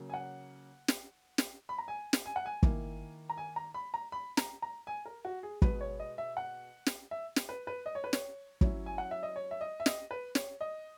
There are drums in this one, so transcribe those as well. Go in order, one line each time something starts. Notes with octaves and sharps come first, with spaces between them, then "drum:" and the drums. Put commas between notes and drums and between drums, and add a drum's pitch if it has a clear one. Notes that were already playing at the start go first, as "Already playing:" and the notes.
Already playing: C#3 F#3 A#3
G#5
F#5
drum: snare
drum: snare
B5
A#5
G#5
drum: snare
G#5
F#5
G#5
D#3 A#3 E4, drum: kick
A#5
G#5
A#5
B5
A#5
B5
A#5, drum: snare
A#5
G#5
A#4
F#4
G#4
B2 G#3 B3 B4, drum: kick
C#5
D#5
E5
F#5
drum: snare
E5
drum: snare
B4
B4
D#5
C#5
B4
C#5, drum: snare
F#3 C#4 E4, drum: kick
G#5
F#5
E5
D#5
C#5
E5
D#5
E5
D#5, drum: snare
B4
C#5, drum: snare
D#5